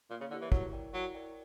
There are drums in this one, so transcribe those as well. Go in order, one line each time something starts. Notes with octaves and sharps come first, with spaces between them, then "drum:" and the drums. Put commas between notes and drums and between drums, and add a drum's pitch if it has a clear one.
A#2 A#3
C#3
D3 E4 G4 A#4 C#5
E3
F#3 E4, drum: kick
A#4 D5 G5
F#3 E4
A#4 D5 G5